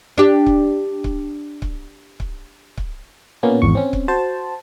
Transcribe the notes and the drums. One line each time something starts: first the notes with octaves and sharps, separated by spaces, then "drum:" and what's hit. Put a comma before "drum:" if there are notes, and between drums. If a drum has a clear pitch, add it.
D4 G4
drum: kick C#1
drum: kick C#1
drum: kick C#1
drum: kick C#1
drum: kick C#1
A#2 A#3 B3 C#4
G#1 E2 C#6
C4 C#4
drum: kick C#1
F#4 C5 A5